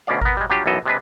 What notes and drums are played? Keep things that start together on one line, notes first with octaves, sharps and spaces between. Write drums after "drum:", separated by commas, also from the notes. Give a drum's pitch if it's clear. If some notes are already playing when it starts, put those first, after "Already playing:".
D2 B2 C#4 D5 F5
B3 A#4, drum: kick G#1
G3 G#3
F#3 G3 D4 F4 G4
B1 F#2 E3 A4 D#5
C3 G#3 D4 B4